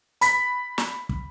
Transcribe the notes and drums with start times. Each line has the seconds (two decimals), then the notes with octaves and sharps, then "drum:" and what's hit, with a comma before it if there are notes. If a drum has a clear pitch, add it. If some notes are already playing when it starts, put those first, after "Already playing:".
0.21 B5 B6, drum: hi-hat
0.78 drum: snare
1.09 drum: kick